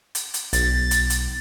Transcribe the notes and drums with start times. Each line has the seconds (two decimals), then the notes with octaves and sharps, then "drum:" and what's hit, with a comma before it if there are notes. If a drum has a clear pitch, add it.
0.15 drum: hi-hat
0.34 drum: hi-hat
0.53 B1 A6, drum: hi-hat
0.91 drum: hi-hat
1.10 drum: hi-hat